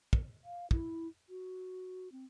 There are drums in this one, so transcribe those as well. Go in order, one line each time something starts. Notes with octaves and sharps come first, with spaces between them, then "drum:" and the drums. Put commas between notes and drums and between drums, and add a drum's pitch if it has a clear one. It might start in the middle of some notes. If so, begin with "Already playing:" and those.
drum: kick
F5
E4, drum: kick
F#4
C4